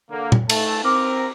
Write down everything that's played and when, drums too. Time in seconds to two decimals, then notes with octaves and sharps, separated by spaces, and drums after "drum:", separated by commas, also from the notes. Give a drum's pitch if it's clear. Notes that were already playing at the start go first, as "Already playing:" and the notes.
0.11 D3 A#3
0.32 drum: tom A#2
0.49 A3 A5, drum: cymbal
0.85 C4 A#4 D6